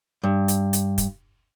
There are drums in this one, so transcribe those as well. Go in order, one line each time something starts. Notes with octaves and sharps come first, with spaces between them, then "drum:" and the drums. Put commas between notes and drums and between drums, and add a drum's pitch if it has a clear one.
G2
drum: hi-hat
drum: hi-hat
drum: kick, hi-hat